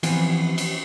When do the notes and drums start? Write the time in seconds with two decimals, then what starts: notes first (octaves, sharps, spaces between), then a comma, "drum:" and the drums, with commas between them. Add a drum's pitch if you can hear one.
0.03 E3 F3 B3 C4, drum: cymbal
0.58 drum: cymbal